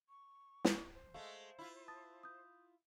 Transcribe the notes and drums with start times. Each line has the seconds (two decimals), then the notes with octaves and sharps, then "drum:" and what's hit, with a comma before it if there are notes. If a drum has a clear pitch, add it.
0.09 C#6
0.65 drum: snare
0.94 C5
1.14 G#3 A3 F5
1.59 E4 F4
1.88 A5 D#6 A6
2.23 D#6 G6